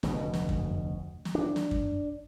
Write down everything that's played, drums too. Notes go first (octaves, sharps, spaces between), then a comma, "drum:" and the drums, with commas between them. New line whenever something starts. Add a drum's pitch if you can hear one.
F1 D2 B2, drum: snare
drum: snare
drum: kick F#2
drum: snare
D4
drum: snare
drum: kick F#2